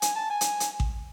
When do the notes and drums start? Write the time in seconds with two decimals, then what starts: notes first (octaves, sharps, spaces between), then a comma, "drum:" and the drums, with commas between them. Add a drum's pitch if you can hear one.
0.02 G#5, drum: hi-hat
0.16 A5
0.30 G#5
0.41 drum: hi-hat
0.60 drum: hi-hat
0.80 drum: kick A1